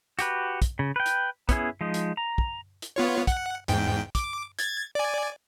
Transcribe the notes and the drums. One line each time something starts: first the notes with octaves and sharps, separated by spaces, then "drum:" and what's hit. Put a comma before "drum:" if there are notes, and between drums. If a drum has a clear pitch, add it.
F#4 G4 B4, drum: hi-hat
drum: kick, hi-hat
C#3
B4 G5
drum: hi-hat
B3 C#4 E4 G#4, drum: kick, hi-hat
F3 G#3 D#4
drum: hi-hat
A#5
drum: kick
drum: hi-hat
B3 F4 C#5
F#5, drum: kick, hi-hat
E2 G#2 G5, drum: hi-hat
D6, drum: kick, hi-hat
G#6 A6, drum: hi-hat
D5 G#5